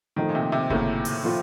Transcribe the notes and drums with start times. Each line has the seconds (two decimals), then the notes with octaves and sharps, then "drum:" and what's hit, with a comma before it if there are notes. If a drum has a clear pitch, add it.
0.16 A2 D#3 F3 A3 D#4
0.29 A#2
0.35 C3
0.52 C3
0.70 A2 C#3 F#3 A#3, drum: kick G1
1.05 drum: open hi-hat
1.24 A#2 F3 A#3 F4